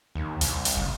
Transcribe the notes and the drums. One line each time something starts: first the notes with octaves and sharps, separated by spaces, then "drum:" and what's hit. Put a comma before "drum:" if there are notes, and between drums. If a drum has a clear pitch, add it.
D#2
C2, drum: hi-hat
drum: hi-hat
F#1